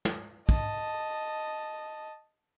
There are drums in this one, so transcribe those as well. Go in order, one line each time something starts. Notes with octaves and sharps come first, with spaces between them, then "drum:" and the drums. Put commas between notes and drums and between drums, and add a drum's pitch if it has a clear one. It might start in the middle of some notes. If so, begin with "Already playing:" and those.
drum: tom
D#5 A5, drum: kick